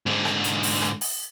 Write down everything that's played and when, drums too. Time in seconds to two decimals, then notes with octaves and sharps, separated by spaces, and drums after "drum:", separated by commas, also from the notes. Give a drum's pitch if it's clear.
0.06 G#2 D3
0.25 drum: rim click
0.44 drum: hi-hat
0.63 drum: open hi-hat
0.82 drum: rim click
1.01 drum: open hi-hat